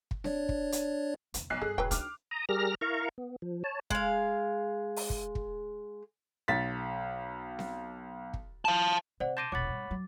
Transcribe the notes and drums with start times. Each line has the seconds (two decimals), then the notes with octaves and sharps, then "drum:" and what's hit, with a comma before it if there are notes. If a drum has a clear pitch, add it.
0.11 drum: kick
0.24 D4 C#5 D5, drum: snare C4
0.49 drum: kick
0.72 drum: hi-hat
1.34 E2 D3, drum: hi-hat
1.50 B1 E3 F#6 C7
1.62 G2 G#4 A4
1.78 E1 G#2 F#3 B4 G5
1.91 D4 D#4 D6 F6, drum: hi-hat
2.31 A#5 D#6
2.49 G3 G4 G#4 A#4 F6 A#6
2.81 E4 A#4 F5 A#5 C#6
3.18 B3
3.42 F3
3.64 C#5 A5
3.90 G#3 F5, drum: kick
4.96 drum: open hi-hat
5.10 drum: kick
5.35 drum: kick
6.48 B1 A6 B6
7.59 drum: snare C4
8.34 drum: kick
8.65 F5 A5
9.20 C3 C5 D5 F#5
9.37 A5 C6 D6 G6 A#6 D#7
9.52 E1 A#1 C#5 F#5 B5 D6 A6
9.70 G2
9.91 F#3